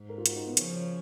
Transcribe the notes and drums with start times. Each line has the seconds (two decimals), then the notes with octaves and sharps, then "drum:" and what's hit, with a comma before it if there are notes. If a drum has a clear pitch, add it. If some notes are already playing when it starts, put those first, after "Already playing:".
Already playing: G#2
0.09 A#4
0.18 F4
0.26 F#4, drum: hi-hat
0.36 D#4
0.46 B3
0.57 C#3 F3 C#4, drum: hi-hat
0.73 C#4